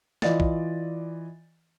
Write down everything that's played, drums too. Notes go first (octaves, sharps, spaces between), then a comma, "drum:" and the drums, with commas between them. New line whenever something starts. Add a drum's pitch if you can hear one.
E3 F4 D5 D#5 A6, drum: snare
drum: kick